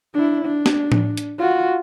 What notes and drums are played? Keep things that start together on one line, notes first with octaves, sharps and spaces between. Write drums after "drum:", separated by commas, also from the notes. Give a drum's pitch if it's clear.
D4 E4
D4
drum: snare
drum: tom A2
drum: hi-hat
F4 F#4